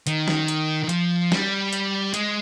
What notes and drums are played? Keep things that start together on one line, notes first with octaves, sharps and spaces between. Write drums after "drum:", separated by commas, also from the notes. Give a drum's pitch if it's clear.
D#3, drum: hi-hat
drum: snare
drum: hi-hat
D#3
F3, drum: hi-hat
G3, drum: snare
drum: hi-hat
G#3, drum: hi-hat